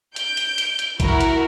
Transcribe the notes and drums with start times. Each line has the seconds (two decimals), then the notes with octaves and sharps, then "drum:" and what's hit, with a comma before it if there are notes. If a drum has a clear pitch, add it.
0.16 G6 D7, drum: hi-hat
0.37 drum: hi-hat
0.58 drum: hi-hat
0.79 drum: hi-hat
1.00 E4 F#4 A#4, drum: kick, hi-hat
1.21 drum: hi-hat